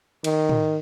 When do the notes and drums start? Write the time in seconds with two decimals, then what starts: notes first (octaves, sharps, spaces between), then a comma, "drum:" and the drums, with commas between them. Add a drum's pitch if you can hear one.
0.24 D#3, drum: cymbal
0.49 drum: tom